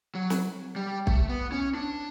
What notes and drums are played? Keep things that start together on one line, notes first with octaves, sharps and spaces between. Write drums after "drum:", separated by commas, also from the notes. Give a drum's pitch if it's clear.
F#3
drum: snare
G3
A3, drum: kick
B3
C#4
D4